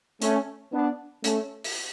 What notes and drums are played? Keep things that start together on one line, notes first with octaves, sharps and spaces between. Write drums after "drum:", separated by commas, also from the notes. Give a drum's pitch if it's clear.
A3 C#4, drum: hi-hat
B3 D4
A3 C#4, drum: hi-hat
drum: open hi-hat